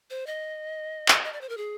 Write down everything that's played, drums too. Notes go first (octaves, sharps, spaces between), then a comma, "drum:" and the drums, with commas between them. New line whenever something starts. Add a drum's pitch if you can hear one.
C5
D#5
drum: clap
D#5
D5
C5
A#4
G#4